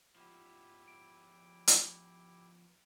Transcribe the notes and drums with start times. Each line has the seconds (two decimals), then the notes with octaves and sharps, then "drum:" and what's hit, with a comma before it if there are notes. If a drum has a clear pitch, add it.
0.16 F3 B3 E4 G4
0.88 D7
1.67 drum: hi-hat